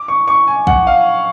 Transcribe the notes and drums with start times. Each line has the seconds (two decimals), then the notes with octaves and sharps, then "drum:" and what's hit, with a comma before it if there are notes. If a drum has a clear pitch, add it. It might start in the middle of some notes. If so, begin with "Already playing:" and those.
Already playing: D6
0.08 C#6
0.28 C#6
0.47 G#5
0.67 F#5, drum: kick
0.87 F5